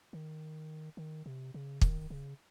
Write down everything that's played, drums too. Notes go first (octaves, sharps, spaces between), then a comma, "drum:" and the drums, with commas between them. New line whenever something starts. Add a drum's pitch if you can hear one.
D#3
D#3
C3
C#3
D#3, drum: kick
C#3